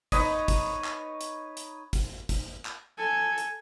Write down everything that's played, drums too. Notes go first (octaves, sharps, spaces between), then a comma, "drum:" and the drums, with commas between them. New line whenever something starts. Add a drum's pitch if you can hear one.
D#4 B4 C#5 D#5, drum: kick, hi-hat
drum: kick, hi-hat
drum: clap
drum: hi-hat
drum: hi-hat
drum: kick, hi-hat
drum: kick, hi-hat
drum: clap
A4 G#5
drum: hi-hat